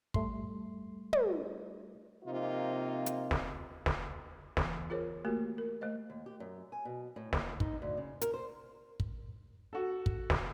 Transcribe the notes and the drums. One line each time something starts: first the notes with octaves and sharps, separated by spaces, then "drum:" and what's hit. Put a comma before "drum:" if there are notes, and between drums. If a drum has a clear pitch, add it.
G3 A3 C6, drum: kick
drum: tom
C3 F3 A#3 D#4 F4
drum: hi-hat
drum: snare
drum: snare
E3 B3, drum: snare
F4 G#4 A#4 C5 C#5
A3 A#3 F#4 G4 A#4
A#4
A3 C5 D#5
D#2
G4
F#2
G#5
B2
A2
D#2, drum: snare
D#4, drum: kick
D2
C#3
A#4, drum: hi-hat
C5
drum: kick
F#4 A4
drum: kick
drum: snare